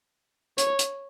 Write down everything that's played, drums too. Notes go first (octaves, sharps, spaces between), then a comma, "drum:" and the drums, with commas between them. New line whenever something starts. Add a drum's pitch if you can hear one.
C#5, drum: hi-hat
drum: hi-hat